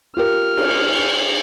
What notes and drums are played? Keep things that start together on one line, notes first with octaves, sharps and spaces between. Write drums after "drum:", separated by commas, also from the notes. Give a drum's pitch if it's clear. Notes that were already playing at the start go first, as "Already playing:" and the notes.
F4 G4 A#4 F6
drum: cymbal